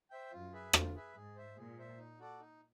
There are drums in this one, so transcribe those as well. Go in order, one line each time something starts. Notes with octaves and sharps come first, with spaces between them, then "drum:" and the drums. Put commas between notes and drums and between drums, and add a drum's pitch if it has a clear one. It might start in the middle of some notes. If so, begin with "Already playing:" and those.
C5 E5 G5
F#2 F4
G#4 B4 E5
F4, drum: rim click
G#4 B4 E5
G#2 G#4
C5 E5
A#2 G#4
C5 E5
D#4
F#4 A4 D5
D#4